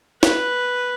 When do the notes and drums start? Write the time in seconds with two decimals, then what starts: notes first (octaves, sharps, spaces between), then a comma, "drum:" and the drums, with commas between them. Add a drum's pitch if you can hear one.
0.23 B4, drum: snare